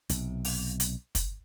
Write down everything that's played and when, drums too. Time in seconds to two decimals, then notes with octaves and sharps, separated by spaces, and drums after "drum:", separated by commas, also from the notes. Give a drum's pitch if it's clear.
0.09 B1 C3, drum: hi-hat
0.45 drum: open hi-hat
0.80 drum: hi-hat
1.15 drum: kick, hi-hat